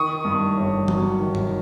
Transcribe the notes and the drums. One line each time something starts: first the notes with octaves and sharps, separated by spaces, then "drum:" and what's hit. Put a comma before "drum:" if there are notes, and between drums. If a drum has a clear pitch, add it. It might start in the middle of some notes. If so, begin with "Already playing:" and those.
Already playing: D#3 C#6 D#6
G2
G1
F#3, drum: tom E3
D#3
drum: tom G2